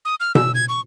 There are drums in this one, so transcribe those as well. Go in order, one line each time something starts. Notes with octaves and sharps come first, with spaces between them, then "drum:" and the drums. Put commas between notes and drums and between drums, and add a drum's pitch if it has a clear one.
D#6
F6
E6, drum: tom B2
G#6
C#6